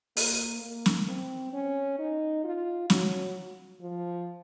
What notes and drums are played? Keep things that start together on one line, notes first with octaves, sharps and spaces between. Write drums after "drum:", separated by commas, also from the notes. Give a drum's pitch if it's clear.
A#3, drum: open hi-hat
A#3
drum: snare
C4
C#4
D#4
F4
F#3, drum: snare
F3